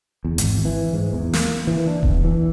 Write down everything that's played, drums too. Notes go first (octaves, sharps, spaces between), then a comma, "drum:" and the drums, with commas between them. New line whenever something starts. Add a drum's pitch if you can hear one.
E2
G#1, drum: hi-hat
E3
G#2
E2
A#3, drum: snare
E3
D4
E2, drum: kick D#1
E3